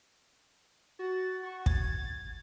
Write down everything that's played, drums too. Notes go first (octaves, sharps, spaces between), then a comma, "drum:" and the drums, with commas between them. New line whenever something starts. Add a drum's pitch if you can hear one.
F#4 A6
F#4 C#6
G#6 A6, drum: kick